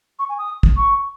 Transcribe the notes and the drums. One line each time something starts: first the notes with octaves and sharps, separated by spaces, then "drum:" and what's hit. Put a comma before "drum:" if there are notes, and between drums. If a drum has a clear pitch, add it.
C#6
G#5
D#6
drum: kick
C#6